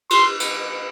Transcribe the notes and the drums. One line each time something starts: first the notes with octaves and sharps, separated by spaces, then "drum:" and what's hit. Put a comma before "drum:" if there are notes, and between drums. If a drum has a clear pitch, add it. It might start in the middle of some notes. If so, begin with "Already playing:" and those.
C6, drum: cymbal
drum: cymbal